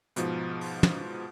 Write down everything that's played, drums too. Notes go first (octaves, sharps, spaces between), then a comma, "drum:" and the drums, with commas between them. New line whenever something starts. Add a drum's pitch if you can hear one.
G#2 B2 F3, drum: hi-hat
drum: open hi-hat
drum: tom